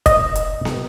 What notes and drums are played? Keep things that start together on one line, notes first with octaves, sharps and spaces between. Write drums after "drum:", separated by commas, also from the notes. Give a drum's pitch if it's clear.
D#5, drum: kick, hi-hat
drum: hi-hat
drum: snare B3